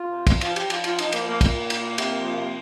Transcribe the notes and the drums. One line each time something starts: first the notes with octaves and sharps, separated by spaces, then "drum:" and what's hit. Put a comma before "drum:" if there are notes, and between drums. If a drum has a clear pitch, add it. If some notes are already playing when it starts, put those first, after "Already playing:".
Already playing: F4
C3
F3, drum: kick, cymbal
F3 F4, drum: cymbal
G4, drum: cymbal
F3
F4, drum: cymbal
F3 F4, drum: cymbal
F3 D#4, drum: cymbal
A#3, drum: cymbal
F3 A#3
A#2 A#3, drum: kick, cymbal
A#2
drum: cymbal
A#2
C3, drum: cymbal
F3
C3